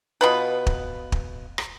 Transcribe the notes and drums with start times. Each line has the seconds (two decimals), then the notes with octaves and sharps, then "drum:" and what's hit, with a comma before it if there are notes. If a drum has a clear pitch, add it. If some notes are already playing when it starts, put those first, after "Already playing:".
0.21 B2 F4 B4
0.67 drum: kick
1.12 drum: kick
1.58 drum: rim click